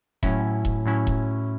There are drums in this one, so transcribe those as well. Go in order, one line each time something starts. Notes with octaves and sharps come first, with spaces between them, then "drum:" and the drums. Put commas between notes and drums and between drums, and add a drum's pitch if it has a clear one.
A2 F#3 C#4 E4, drum: kick E1
drum: kick E1
A2 F#3 C#4 E4
drum: kick E1